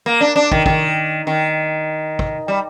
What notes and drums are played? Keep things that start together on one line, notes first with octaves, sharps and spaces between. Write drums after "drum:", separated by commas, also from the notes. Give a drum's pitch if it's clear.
A#3
D4
D4
D#3, drum: kick
D#3, drum: kick
D#3
drum: kick
G3